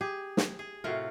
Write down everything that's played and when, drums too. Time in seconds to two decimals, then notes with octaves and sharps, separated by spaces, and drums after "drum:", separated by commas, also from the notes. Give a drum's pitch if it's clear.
0.01 G4 G#4
0.37 drum: snare
0.59 G#4
0.84 A2 C3 F4 F#4 A#4